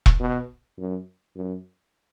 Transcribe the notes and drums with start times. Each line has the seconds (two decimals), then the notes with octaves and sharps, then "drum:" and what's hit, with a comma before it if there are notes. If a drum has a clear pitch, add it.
0.06 drum: kick E1
0.20 B2
0.78 F#2
1.36 F#2